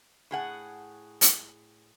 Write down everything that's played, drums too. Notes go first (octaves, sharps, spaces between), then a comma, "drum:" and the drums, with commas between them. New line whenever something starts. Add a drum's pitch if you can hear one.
A2 G#4 F#5
drum: hi-hat